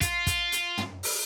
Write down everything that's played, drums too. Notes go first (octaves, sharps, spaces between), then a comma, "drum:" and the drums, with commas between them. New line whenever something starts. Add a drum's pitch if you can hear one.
F4, drum: kick, hi-hat
drum: kick, hi-hat
drum: hi-hat
drum: tom
drum: open hi-hat